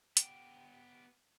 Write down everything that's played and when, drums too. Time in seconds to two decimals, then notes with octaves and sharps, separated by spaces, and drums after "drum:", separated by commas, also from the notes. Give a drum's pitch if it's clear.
0.17 B3 G4, drum: hi-hat